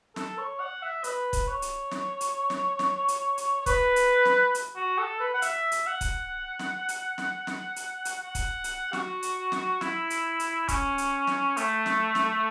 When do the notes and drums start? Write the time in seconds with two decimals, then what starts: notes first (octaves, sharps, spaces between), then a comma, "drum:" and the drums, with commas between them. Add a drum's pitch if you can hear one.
0.16 A4, drum: snare
0.38 C#5
0.60 F#5
0.82 E5
1.04 B4, drum: hi-hat
1.33 drum: kick, hi-hat
1.47 C#5
1.62 drum: hi-hat
1.91 drum: snare
2.21 drum: hi-hat
2.50 drum: snare
2.79 drum: snare
3.08 drum: hi-hat
3.38 drum: hi-hat
3.61 C#5
3.66 B4, drum: kick, hi-hat
3.96 drum: hi-hat
4.25 drum: snare
4.55 drum: hi-hat
4.76 F#4
4.98 A4
5.20 B4
5.34 F#5
5.42 E5, drum: hi-hat
5.72 drum: hi-hat
5.86 F#5
6.01 drum: kick, hi-hat
6.59 drum: snare
6.89 drum: hi-hat
7.18 drum: snare
7.47 drum: snare
7.76 drum: hi-hat
8.05 F#5, drum: hi-hat
8.20 F#5
8.35 drum: kick, hi-hat
8.64 drum: hi-hat
8.93 F#4, drum: snare
9.23 drum: hi-hat
9.52 drum: snare
9.81 E4, drum: snare
10.10 drum: hi-hat
10.40 drum: hi-hat
10.68 C#4, drum: kick, hi-hat
10.98 drum: hi-hat
11.27 drum: snare
11.57 A3, drum: hi-hat
11.86 drum: snare
12.15 drum: snare